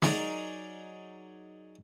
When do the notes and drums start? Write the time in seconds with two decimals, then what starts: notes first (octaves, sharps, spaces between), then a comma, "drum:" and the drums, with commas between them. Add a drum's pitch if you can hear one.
0.02 F#3 D#4 G#4 A#4 D5, drum: snare